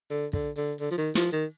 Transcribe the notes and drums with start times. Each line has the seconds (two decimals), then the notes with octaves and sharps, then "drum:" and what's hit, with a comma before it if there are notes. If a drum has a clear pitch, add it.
0.10 D3
0.33 D3, drum: kick
0.57 D3
0.80 D3
0.91 F3
0.98 D#3
1.15 F3, drum: snare
1.33 D#3